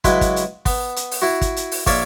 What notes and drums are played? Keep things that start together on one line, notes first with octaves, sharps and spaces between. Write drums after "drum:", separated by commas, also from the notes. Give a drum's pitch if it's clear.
C#3 F#3 G#3 E4 B4, drum: kick, hi-hat
drum: kick, hi-hat
drum: hi-hat
B3, drum: kick, open hi-hat
drum: hi-hat
drum: open hi-hat
E4 F#4
drum: kick, hi-hat
drum: hi-hat
drum: open hi-hat
A#1 A#3 C#5 D5 E5, drum: kick, open hi-hat